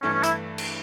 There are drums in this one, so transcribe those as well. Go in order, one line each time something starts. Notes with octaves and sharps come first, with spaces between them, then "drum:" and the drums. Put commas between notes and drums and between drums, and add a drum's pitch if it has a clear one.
G2 E3 A3 C#4 E4
C#4
E4, drum: hi-hat
drum: cymbal